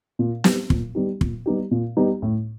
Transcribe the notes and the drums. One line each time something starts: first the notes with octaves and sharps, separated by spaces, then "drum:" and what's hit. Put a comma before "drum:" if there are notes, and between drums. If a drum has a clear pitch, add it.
A#2
G3 B3 D#4 G4, drum: snare
A#2, drum: kick
G3 B3 D#4 G4
A#2, drum: kick
G3 B3 D#4 G4
A#2
G3 B3 D#4 G4
A2